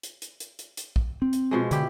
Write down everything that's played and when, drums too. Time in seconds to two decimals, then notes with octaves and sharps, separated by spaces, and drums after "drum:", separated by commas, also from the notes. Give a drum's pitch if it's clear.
0.03 drum: hi-hat
0.22 drum: hi-hat
0.40 drum: hi-hat
0.59 drum: hi-hat
0.77 drum: hi-hat
0.96 drum: kick
1.22 C4
1.33 drum: hi-hat
1.51 B2 F3 G#3
1.71 D3 E4 G4, drum: hi-hat